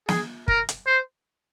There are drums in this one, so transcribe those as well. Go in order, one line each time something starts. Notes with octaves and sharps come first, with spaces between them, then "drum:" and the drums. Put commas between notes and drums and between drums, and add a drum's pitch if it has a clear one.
G#4, drum: snare
A#4, drum: kick
drum: hi-hat
C5